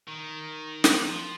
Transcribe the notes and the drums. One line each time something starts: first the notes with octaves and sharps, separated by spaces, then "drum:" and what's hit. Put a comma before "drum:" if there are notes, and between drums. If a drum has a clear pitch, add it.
D#3
drum: snare
F3